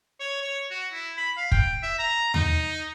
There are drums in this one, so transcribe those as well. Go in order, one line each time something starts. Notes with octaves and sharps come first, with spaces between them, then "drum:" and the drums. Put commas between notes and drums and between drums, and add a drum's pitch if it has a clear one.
C#5
C#5
F#4
E4
B5
F5
G5, drum: kick
E5
A#5
D#4, drum: tom D#2